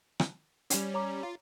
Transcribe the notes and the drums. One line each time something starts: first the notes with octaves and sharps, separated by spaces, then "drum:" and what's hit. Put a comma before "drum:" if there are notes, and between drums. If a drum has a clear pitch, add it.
drum: rim click
G3 C#4, drum: hi-hat
C#5 A#5 D6
F4